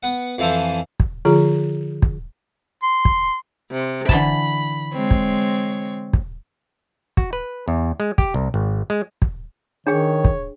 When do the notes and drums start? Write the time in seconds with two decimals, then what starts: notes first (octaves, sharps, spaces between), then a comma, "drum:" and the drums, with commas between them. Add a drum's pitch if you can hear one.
0.03 B3 F#5
0.38 F2 E3 F3 A4 C5 G#5
1.00 drum: kick
1.25 D3 F3 F4 G#4
2.02 drum: kick
2.83 C6
3.05 drum: kick
3.71 C3
4.09 D3 E3 A5 B5, drum: kick
4.93 G#3 C4 C#5
5.11 drum: kick
6.13 drum: kick
7.17 F#4, drum: kick
7.33 B4
7.68 E2
8.00 G#3
8.18 G4, drum: kick
8.34 C2
8.54 G#1
8.90 G#3
9.22 drum: kick
9.87 D#3 D4 G#4 C#5 G5
10.25 drum: kick